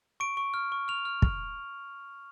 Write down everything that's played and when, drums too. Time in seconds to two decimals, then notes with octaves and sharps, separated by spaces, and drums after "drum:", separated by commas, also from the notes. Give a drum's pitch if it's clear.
0.20 C#6 D7
0.37 C#6
0.54 F6
0.72 C#6
0.88 F6 F7
1.05 F6
1.22 drum: kick